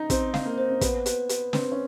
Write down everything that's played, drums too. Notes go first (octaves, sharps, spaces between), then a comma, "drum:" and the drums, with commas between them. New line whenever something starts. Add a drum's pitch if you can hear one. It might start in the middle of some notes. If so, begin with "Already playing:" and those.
Already playing: D#4
C4 C5, drum: kick, hi-hat
F5, drum: snare
A#3
C5
C4
B3 B4, drum: kick, hi-hat
B4, drum: hi-hat
B4, drum: hi-hat
C4 B4, drum: snare
C#4